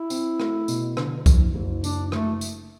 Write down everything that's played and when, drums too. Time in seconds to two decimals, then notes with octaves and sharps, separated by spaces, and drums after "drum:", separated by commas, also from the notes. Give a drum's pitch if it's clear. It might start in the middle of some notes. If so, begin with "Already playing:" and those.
Already playing: E4
0.10 C4, drum: tambourine
0.40 A3, drum: rim click
0.68 B2, drum: tambourine
0.97 D3, drum: rim click
1.26 F#1, drum: kick C2, tambourine
1.55 F#1
1.84 F#1 D4, drum: tambourine
2.12 F#1 A3, drum: rim click
2.41 drum: tambourine